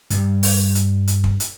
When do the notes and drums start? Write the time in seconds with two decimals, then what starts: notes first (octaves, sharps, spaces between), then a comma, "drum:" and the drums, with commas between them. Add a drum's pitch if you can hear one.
0.10 G2 G3, drum: hi-hat
0.43 drum: open hi-hat
0.75 drum: hi-hat
1.07 drum: hi-hat
1.24 drum: kick
1.40 drum: hi-hat